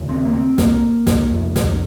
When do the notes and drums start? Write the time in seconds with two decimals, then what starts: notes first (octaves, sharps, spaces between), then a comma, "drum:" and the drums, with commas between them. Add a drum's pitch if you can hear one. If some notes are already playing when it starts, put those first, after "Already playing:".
Already playing: D#2 C#3
0.09 C4
0.25 A#3
0.33 C4
0.58 A#3, drum: snare
1.07 drum: snare
1.31 F2 C3
1.56 drum: snare